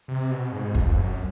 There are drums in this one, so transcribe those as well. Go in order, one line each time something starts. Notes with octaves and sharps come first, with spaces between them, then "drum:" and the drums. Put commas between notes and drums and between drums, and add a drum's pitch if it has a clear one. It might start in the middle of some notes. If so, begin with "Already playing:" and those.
C3
B2
G#2
F2, drum: kick
F#2